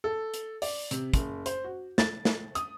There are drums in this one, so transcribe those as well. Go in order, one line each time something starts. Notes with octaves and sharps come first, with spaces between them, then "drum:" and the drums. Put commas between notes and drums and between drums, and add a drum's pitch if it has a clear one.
A4
drum: hi-hat
D5, drum: open hi-hat
C3, drum: hi-hat
F#1, drum: kick, hi-hat
C5, drum: hi-hat
F#4
A6, drum: snare
drum: snare
D#6, drum: hi-hat